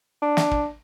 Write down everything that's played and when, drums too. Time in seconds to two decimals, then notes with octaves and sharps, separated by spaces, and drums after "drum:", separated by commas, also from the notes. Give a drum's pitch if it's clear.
0.22 D4
0.37 drum: snare
0.51 drum: kick